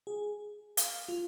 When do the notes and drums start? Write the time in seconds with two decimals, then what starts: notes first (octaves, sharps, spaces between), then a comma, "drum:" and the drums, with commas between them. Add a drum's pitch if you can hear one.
0.07 G#4
0.77 F5, drum: hi-hat
1.09 F4